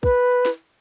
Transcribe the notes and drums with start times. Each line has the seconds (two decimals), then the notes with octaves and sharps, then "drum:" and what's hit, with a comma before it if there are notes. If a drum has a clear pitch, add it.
0.03 B4, drum: kick
0.45 drum: snare